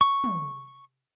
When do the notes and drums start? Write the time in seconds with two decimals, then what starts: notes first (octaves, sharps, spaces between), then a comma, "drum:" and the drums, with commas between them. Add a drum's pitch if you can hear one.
0.01 C#6
0.24 drum: tom